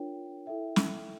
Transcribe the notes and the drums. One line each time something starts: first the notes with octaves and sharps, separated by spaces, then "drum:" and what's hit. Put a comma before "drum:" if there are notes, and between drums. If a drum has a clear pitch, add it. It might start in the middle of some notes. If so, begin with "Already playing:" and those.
Already playing: D4 F4 A#4 C#5 G5
E4 A4 E5 G5
drum: snare